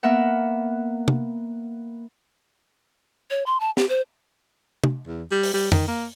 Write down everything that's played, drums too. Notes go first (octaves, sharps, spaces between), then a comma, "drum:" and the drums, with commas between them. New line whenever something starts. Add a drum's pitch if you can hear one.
A#3 B3 A#4 E5 F#5
drum: tom
C#5
C6
A5
G4, drum: snare
C5
drum: tom
E2
G3
drum: open hi-hat
G3
D#3, drum: tom
A#3